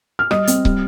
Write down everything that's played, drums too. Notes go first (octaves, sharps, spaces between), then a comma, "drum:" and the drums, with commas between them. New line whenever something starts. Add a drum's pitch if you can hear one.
F6
G3 D#5 D#6, drum: rim click
C4, drum: hi-hat
G3, drum: kick